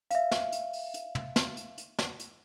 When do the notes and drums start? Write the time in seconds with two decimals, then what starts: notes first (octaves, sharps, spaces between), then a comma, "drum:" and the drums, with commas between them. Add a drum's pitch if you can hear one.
0.11 E5 F5, drum: hi-hat
0.31 drum: snare
0.52 drum: hi-hat
0.73 drum: open hi-hat
0.94 drum: hi-hat
1.15 drum: tom
1.36 drum: snare
1.57 drum: hi-hat
1.78 drum: hi-hat
1.99 drum: snare
2.19 drum: hi-hat